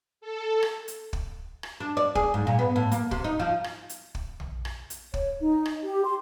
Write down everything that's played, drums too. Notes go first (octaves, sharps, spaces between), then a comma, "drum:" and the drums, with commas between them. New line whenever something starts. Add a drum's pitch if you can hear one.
A4
drum: rim click
drum: hi-hat
drum: kick
drum: rim click
D4
D5
G#4, drum: kick
G#2
A#2
B3
A2
A#3, drum: hi-hat
C3, drum: kick
D#4
F3
drum: rim click
drum: hi-hat
drum: kick
drum: tom A#1
drum: rim click
drum: hi-hat
C#5, drum: kick
D#4
drum: rim click
G4
C6